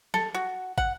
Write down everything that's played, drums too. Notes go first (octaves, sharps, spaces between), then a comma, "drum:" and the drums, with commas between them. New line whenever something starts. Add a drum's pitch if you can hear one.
A4, drum: snare
F#4
F#5, drum: kick